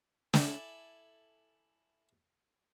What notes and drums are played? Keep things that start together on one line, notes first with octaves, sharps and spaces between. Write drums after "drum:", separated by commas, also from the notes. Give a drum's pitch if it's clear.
E4 A4 D5 G#5, drum: snare